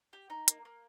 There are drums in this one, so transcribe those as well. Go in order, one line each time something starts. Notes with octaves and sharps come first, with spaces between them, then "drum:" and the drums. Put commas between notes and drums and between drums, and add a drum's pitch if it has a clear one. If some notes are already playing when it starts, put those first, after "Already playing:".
G4
D#4
A#3, drum: hi-hat
A#3